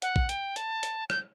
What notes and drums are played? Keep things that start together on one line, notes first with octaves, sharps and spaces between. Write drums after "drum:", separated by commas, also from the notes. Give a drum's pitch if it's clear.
F#5, drum: hi-hat
drum: kick
G5, drum: hi-hat
A5, drum: hi-hat
drum: hi-hat
G6, drum: rim click